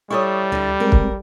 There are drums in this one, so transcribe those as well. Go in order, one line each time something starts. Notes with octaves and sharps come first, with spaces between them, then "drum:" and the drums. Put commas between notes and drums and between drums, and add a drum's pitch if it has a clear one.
G3 E4 A4 C#5 C#6 D#6
D2 D3 E4
G#3 C4 A#4
drum: kick